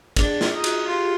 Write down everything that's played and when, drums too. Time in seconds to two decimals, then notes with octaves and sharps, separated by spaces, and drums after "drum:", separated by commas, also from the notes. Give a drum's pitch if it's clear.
0.16 D4 G#4, drum: kick, cymbal
0.41 F4, drum: snare
0.53 D#4
0.64 F#4, drum: cymbal
0.87 F4 G4